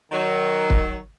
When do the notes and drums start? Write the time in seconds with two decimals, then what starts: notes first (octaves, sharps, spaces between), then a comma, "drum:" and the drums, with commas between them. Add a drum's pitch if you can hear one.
0.12 D#3 F#3
0.70 drum: kick